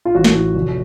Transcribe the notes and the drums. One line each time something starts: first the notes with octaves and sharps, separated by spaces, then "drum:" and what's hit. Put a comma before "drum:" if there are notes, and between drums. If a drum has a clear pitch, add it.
F4
A1 F#4
drum: snare
A2
F1